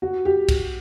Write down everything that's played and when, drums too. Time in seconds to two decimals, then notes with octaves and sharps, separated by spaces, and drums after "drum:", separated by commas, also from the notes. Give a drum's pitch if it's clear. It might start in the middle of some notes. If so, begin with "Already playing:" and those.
0.02 F#4
0.25 G4
0.49 drum: kick, cymbal